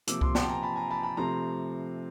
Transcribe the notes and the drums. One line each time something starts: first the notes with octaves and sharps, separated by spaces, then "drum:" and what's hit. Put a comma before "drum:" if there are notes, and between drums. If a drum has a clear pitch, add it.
C3 F3 A#3 D6 E6, drum: hi-hat
C6 D6, drum: kick C2
G5 A5, drum: snare
G#5 A#5
A5 B5
G#5 A#5
A5 B5
A5 B5
C3 F3 A3 A#5 C6